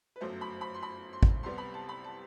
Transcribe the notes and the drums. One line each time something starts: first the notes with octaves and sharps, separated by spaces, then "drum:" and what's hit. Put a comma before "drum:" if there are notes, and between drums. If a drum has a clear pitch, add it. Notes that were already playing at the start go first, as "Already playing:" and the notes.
B4
G1 F#2 F#3 A3 C5
B5
B5
C6
B5
C6
drum: kick G#1
C2 C3 G3 B3 C6
B5
A5
B5
A5